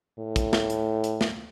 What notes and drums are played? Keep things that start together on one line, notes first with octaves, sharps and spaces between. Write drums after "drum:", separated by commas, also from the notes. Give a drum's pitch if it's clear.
A2
drum: kick, hi-hat
drum: snare
drum: hi-hat
drum: hi-hat
drum: snare